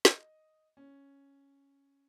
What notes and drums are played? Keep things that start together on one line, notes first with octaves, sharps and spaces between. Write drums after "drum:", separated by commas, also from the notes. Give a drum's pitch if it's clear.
D#5, drum: snare
C#4